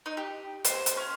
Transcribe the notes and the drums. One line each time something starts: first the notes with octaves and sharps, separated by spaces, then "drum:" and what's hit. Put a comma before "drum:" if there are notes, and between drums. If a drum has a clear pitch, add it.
D#4
G4
C5, drum: hi-hat
drum: hi-hat
C#4